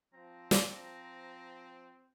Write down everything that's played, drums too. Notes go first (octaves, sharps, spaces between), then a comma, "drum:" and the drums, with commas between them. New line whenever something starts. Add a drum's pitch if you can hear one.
F3 C4 A#5
drum: snare